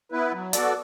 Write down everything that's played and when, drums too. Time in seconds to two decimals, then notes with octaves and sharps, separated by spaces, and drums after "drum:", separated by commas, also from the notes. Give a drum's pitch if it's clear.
0.12 B3 E4 B4
0.32 F#3
0.53 B3 F#4 A4 D5, drum: hi-hat